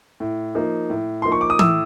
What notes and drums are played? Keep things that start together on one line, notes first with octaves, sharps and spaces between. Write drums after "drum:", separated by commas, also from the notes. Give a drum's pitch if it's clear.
A2
F3 A#3 D#4
A2
F3 A#3 D#4 C6
C#6
D6
D#6
A2 E6, drum: tom E3